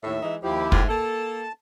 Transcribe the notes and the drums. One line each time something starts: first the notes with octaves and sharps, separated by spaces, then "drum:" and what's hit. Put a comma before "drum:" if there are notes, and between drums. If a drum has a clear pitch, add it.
D#2 A2 E5
E3 G#3 D#4
D#2 F3 E4 G4
G#2 A3 F4, drum: kick
A#3 A4 A5